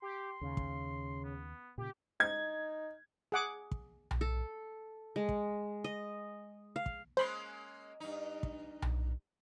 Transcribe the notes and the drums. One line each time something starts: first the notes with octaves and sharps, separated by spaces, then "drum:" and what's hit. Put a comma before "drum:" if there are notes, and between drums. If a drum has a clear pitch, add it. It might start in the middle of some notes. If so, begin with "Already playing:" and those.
G4 C6
D#2 C#3
drum: kick
B3
A#2 C#3 G4
D#4 G#6
G#4 F#5 D6
drum: kick
drum: tom B1
A4
G#3
drum: kick
D#5
F5
drum: kick
G#3 A#3 C#4 C5 B5 C6
G2 D#4
drum: kick
drum: tom B1